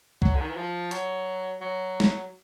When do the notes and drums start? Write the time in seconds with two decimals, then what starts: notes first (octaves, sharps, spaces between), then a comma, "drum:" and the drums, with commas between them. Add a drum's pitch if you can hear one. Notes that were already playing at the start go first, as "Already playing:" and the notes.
0.22 F#3, drum: kick C2
0.35 D3
0.41 D#3
0.50 E3
0.57 F3
0.91 F#3, drum: hi-hat
1.61 F#3
2.00 drum: snare